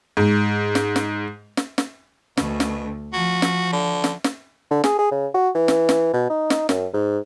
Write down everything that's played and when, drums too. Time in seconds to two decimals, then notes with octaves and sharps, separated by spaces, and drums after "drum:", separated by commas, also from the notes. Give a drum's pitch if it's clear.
0.17 G#2
0.75 drum: snare
0.96 drum: snare
1.57 drum: snare
1.78 drum: snare
2.37 D2 B2, drum: snare
2.60 drum: snare
3.13 F3 F#4
3.42 drum: snare
3.73 D3
4.04 drum: snare
4.24 drum: snare
4.71 D3
4.84 G#4, drum: snare
4.98 G#4
5.11 C#3
5.34 F#4
5.55 E3
5.68 drum: snare
5.89 drum: snare
6.13 B2
6.30 D#4
6.50 drum: snare
6.69 F#2, drum: snare
6.93 G#2